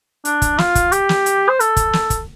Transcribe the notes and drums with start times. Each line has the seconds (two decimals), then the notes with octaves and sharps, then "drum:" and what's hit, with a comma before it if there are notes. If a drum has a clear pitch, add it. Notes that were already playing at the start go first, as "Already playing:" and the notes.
0.25 D4, drum: hi-hat
0.42 drum: kick, hi-hat
0.58 F4, drum: snare
0.75 drum: kick, hi-hat
0.92 G4, drum: hi-hat
1.09 drum: snare
1.26 drum: hi-hat
1.49 C5
1.60 A4, drum: hi-hat
1.77 drum: kick, hi-hat
1.93 drum: snare
2.10 drum: kick, hi-hat